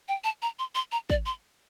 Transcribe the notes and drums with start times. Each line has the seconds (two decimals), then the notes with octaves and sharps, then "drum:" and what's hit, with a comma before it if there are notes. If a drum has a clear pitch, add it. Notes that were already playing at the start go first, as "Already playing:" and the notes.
0.08 G5
0.24 A5
0.42 A#5
0.59 C6
0.75 C6
0.92 A#5
1.10 D5, drum: kick
1.26 C6